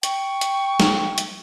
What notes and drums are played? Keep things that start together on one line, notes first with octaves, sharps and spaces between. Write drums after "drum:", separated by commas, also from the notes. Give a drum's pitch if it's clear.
G5 C#6, drum: hi-hat
drum: hi-hat
drum: snare
drum: hi-hat